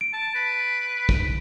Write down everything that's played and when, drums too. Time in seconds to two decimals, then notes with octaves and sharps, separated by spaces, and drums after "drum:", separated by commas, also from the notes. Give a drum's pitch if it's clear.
0.01 D7
0.13 A5
0.35 B4
1.09 drum: kick